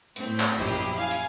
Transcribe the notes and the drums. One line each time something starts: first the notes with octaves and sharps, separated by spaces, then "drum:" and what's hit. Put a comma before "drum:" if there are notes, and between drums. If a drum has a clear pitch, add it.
A2 C4, drum: hi-hat
drum: clap
A#1 F#2 E4 G4 D#5 C7
F5 G#5
drum: hi-hat